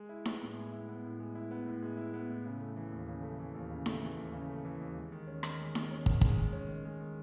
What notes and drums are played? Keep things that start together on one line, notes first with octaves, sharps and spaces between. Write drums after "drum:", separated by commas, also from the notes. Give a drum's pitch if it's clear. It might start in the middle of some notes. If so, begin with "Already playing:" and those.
Already playing: G#3
E4
B3, drum: snare D#4
A2
G#3
E4
B3
A2
G#3
E4
B3
A2
G#3
E4
B3
A2
C#3
A3
E3
D#2
C#3
A3
E3
D#2
C#3
A3, drum: snare D#4
E3
D#2
C#3
A3
E3
D#2
G#3
D#3
C#4
D#3, drum: rim click
G#3
D#3, drum: snare D#4
C#4
D#3, drum: kick
G#3, drum: kick
D#3
C#4
D#3
G#3
D#3